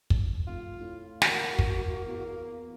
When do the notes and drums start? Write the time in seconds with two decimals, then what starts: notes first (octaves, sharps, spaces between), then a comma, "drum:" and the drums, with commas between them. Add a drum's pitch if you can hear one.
0.10 drum: kick
0.47 F1 F4
0.81 A2
1.22 A#3 F#4, drum: snare
1.59 drum: kick
2.07 E2